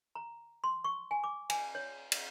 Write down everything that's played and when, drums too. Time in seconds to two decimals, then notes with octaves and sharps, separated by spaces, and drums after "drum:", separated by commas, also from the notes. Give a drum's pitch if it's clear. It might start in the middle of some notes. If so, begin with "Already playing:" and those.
0.15 A#5
0.64 C6
0.84 C#6
1.11 G#5
1.24 D6
1.50 G#5, drum: cymbal
1.75 C#5
2.12 drum: cymbal